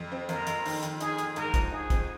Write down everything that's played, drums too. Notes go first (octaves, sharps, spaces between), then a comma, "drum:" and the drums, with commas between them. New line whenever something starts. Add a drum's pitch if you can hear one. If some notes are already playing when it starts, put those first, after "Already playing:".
Already playing: F2
C4
F2 A#4, drum: hi-hat
F2, drum: hi-hat
D#3, drum: open hi-hat
D#3, drum: hi-hat
D#4 G#4, drum: hi-hat
D#3, drum: hi-hat
G#2 A#4, drum: hi-hat
F3, drum: kick, hi-hat
D#4 G#4
C4, drum: kick, hi-hat